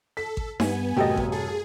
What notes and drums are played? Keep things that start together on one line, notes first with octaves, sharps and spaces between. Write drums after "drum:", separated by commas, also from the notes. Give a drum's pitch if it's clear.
A4 B6
drum: kick G#1
G2 B3 G#5, drum: snare D#4
A1 F#2 C3 G3 G4 A4 D#5
drum: kick G#1
G#4 A4